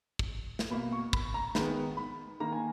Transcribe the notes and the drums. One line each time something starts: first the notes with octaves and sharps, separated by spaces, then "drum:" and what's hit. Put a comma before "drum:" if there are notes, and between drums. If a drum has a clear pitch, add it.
drum: kick
drum: snare
B2 A#3 B5
C#6
B5, drum: kick
A#5
D#3 G#3 B3 B5, drum: snare
B5
D#3 A#3 A#5
G#5